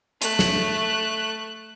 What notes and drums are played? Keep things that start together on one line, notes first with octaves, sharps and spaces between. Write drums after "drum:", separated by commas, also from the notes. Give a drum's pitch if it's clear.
A3 F#6, drum: hi-hat
drum: snare